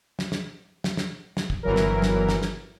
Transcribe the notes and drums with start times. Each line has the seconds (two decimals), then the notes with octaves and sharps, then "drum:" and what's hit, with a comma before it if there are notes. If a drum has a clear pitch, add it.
0.19 drum: snare
0.32 drum: snare
0.84 drum: snare
0.97 drum: snare
1.37 drum: snare
1.50 drum: kick
1.63 G1 E3 F#3 A#4
1.76 drum: snare
2.02 drum: snare
2.29 drum: snare
2.42 drum: snare